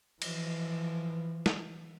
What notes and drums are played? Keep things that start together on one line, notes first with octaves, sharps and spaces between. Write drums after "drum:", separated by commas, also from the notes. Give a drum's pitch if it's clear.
E3 F3, drum: cymbal
drum: snare